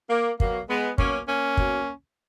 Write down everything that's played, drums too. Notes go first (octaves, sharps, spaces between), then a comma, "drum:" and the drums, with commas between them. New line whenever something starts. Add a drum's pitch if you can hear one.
A#3
B2 F#3 A#3, drum: kick
G#3 B3
B2 F#3 A#3 C#4, drum: kick
A#3 C#4
B2 F#3, drum: kick